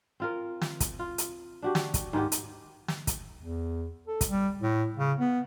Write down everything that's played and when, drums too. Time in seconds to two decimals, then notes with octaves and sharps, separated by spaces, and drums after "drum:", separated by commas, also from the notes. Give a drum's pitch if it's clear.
0.20 C4 F4 A#4
0.61 drum: snare
0.80 drum: kick, hi-hat
0.99 F4
1.18 drum: hi-hat
1.62 D4 F#4 G4
1.75 drum: snare
1.94 drum: kick, hi-hat
2.13 G#2 D#3 B3 G4
2.32 drum: hi-hat
2.88 drum: snare
3.07 drum: kick, hi-hat
3.39 E2
4.08 A4
4.21 drum: kick, hi-hat
4.30 G3
4.61 A2
4.97 C#3
5.19 B3